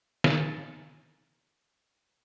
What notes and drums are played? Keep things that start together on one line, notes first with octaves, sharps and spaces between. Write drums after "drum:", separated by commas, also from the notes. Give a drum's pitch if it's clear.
F5 G#5 A#5 F6 A6 C#7, drum: snare